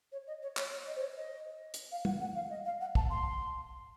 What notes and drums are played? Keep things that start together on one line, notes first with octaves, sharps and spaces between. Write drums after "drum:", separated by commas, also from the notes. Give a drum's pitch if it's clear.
C#5
D#5
C#5
C#5, drum: clap
C#5
D#5
C5
C#5
D#5
drum: hi-hat
F5
F#5, drum: tom
F#5
F5
D#5
F5
F#5
A5, drum: kick
C6